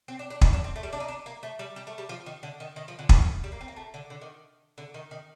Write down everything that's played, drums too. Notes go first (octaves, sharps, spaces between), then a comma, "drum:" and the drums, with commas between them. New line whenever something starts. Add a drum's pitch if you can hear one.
C4
D4
D4
D#4, drum: kick
D4
C4
A3
G3
D4
D#4
D4
A#3
A3
G3
G3
A3
G3
F3
D#3
D3
D#3
D#3
F3
D3
D#3, drum: kick
G3
A#3
C4
A#3
A3
D3
D3
D#3
D3
D#3
D#3